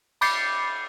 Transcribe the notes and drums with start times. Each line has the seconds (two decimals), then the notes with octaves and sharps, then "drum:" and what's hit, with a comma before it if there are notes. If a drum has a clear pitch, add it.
0.21 B5 D6 G6 A6 C7 C#7, drum: cymbal